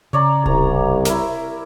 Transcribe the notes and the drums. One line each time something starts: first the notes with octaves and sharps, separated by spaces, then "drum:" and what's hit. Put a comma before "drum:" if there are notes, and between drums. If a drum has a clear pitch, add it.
C#3 C#5 D5 A#5
C2 A#5, drum: kick D1
E4 A#4, drum: snare